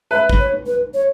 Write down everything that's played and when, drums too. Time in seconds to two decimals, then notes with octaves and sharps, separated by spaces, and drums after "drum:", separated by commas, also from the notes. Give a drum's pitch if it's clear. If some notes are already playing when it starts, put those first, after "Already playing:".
0.11 B4 E5
0.29 drum: kick
0.39 C#5
0.67 B4
0.94 C#5